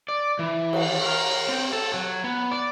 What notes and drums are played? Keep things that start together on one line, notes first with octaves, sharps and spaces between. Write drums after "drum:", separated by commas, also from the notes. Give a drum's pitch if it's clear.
D5
E3
drum: cymbal
A#4
C4
A4
F#3
B3
D5